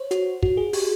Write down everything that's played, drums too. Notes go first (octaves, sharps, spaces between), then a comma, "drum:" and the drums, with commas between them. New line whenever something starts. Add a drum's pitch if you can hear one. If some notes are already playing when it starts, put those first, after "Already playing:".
Already playing: C5 C#5
F#4, drum: hi-hat
F#4, drum: kick
G#4
G4, drum: open hi-hat